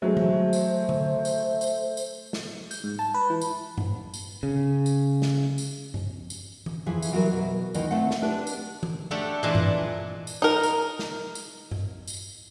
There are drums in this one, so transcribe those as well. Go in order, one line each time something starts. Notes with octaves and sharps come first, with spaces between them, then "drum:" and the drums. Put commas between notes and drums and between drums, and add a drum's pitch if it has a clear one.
F#3 G#3 A3 C5
drum: tom E3
drum: tambourine
drum: tom D3
drum: tambourine
drum: tambourine
drum: tambourine
drum: snare
G6, drum: tambourine
G#2
A5
B4
E3
drum: tambourine
drum: tom G2
drum: tambourine
C#3
drum: tambourine
drum: snare
drum: tambourine
drum: tom G2
drum: tambourine
drum: tom E3
F2 E3 G#4 E5
drum: tambourine
E3 F#3 G3 D4 F#4 A#4
B2
D2 D#3 E3 D#5, drum: tambourine
A3 C4 C5 F#5
drum: snare
D4 G4 B4
drum: tambourine
drum: tom E3
A3 D4 G4 A4 F#5
A#2 E3 G#3 D4 F5 A5
drum: tom G2
drum: tambourine
D#4 A#4
drum: tambourine
drum: snare
drum: tambourine
drum: tom G2
drum: tambourine